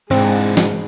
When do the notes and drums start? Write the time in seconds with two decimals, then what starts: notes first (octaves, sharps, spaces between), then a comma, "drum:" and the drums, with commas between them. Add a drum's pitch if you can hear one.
0.11 G#2 E3 G#3 C4 D4
0.57 drum: snare